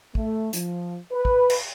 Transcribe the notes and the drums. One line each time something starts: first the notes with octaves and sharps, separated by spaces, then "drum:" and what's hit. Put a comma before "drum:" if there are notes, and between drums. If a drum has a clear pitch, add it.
A3, drum: kick
F3, drum: hi-hat
B4
drum: kick
drum: cymbal